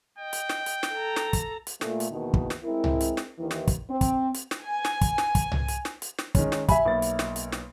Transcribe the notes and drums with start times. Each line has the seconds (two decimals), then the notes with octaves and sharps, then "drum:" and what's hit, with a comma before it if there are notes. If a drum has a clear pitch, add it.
0.18 D#5 G5
0.33 drum: hi-hat
0.49 drum: snare
0.66 drum: hi-hat
0.83 drum: snare
0.93 A4 A#5
1.16 drum: snare
1.33 drum: kick, hi-hat
1.67 drum: hi-hat
1.81 A#2 A3, drum: snare
2.00 drum: hi-hat
2.11 E2 B2 D#3 A#3
2.34 drum: kick
2.50 drum: snare
2.64 G#3 C4 E4 A#4
2.84 drum: tom C2
3.01 drum: hi-hat
3.17 drum: snare
3.39 D#2 D#3 E3
3.51 drum: snare
3.67 drum: kick, hi-hat
3.90 C4
4.01 drum: kick, hi-hat
4.34 drum: hi-hat
4.51 drum: snare
4.62 G#5
4.85 drum: snare
5.01 drum: kick, hi-hat
5.18 drum: snare
5.35 drum: kick, hi-hat
5.52 drum: tom C2
5.68 drum: hi-hat
5.85 drum: snare
6.02 drum: hi-hat
6.19 drum: snare
6.35 D#3 G#3 C#4, drum: kick, hi-hat
6.52 drum: snare
6.68 E5 G#5 B5, drum: kick, hi-hat
6.86 B1 A#3 A6
7.02 drum: hi-hat
7.19 drum: snare
7.36 drum: hi-hat
7.52 drum: snare